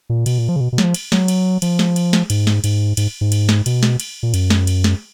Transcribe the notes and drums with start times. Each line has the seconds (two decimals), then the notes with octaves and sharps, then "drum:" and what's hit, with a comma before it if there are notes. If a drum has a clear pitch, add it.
0.09 A#2
0.26 B2, drum: cymbal
0.38 A#2
0.49 F3
0.56 C#3
0.60 B2
0.72 B2
0.78 F#3, drum: snare
0.84 F3
0.94 drum: cymbal
1.12 F#3, drum: snare
1.28 drum: cymbal
1.62 F3, drum: cymbal
1.79 drum: snare
1.96 drum: cymbal
2.13 drum: snare
2.30 G#2, drum: cymbal
2.47 drum: snare
2.64 G#2, drum: cymbal
2.97 G#2, drum: cymbal
3.21 G#2
3.32 drum: cymbal
3.49 drum: snare
3.66 B2, drum: cymbal
3.83 drum: snare
4.00 drum: cymbal
4.23 A#2
4.34 F#2, drum: cymbal
4.50 drum: snare
4.67 drum: cymbal
4.84 drum: snare